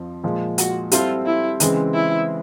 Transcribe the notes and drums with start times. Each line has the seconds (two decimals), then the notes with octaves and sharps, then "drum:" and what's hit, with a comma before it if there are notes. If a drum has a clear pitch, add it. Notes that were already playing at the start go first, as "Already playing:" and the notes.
Already playing: F2 F3
0.24 A#2 F3 G#3
0.58 F#4, drum: hi-hat
0.92 G3 C4 E4 F4 A4 C5, drum: hi-hat
1.26 E4
1.60 C#3 E3 G#3 C4, drum: hi-hat
1.94 E4